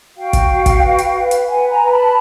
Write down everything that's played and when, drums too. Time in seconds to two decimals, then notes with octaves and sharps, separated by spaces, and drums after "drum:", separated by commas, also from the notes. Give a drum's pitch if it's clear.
0.16 F#4 F5 G5
0.33 drum: kick, hi-hat
0.50 F#4
0.66 drum: kick, hi-hat
0.82 B4
0.98 drum: hi-hat
1.15 B4
1.31 drum: hi-hat
1.47 B4 F#5 G#5
1.69 G#5 A#5
1.80 B4
1.91 A5 B5